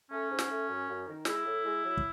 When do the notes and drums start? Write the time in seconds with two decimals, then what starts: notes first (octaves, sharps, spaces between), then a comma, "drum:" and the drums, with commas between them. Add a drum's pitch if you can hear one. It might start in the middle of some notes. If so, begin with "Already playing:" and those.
0.09 A3 C#4
0.29 G#2
0.39 drum: snare
0.48 A3
0.67 F#2
0.87 F#2
1.06 D#3
1.25 G#3 E4, drum: snare
1.44 A2
1.63 G#3
1.83 F#3
1.97 drum: kick